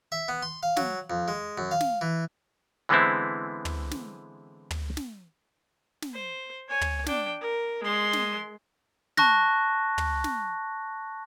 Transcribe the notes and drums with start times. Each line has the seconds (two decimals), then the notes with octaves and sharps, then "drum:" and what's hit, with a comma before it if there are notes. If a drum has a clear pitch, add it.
0.12 E5
0.28 B3
0.42 C6
0.63 F5
0.77 F#3, drum: snare
1.10 F2
1.28 G#3
1.58 F#2
1.71 F5
1.81 drum: snare
2.01 E3
2.89 D3 E3 G#3 B3 C4 E4
3.65 drum: tom
3.91 drum: snare
4.71 drum: tom
4.97 drum: snare
6.02 drum: snare
6.14 C5
6.69 C#5 G#5
6.81 drum: tom
7.06 D4 G5, drum: snare
7.41 A#4
7.84 G#3 C6
8.13 drum: snare
9.17 A5 C#6 F#6 A#6, drum: snare
9.98 drum: tom
10.24 drum: snare